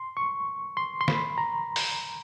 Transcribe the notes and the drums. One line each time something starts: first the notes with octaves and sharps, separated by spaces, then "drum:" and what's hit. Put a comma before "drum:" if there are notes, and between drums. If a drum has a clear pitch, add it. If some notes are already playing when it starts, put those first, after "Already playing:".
Already playing: C6
C#6
C6
C6
B5, drum: snare
A#5
drum: open hi-hat